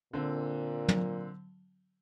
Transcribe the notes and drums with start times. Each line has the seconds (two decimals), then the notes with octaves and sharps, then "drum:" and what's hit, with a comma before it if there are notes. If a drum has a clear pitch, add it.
0.13 A#2 D3 C4
0.88 drum: tom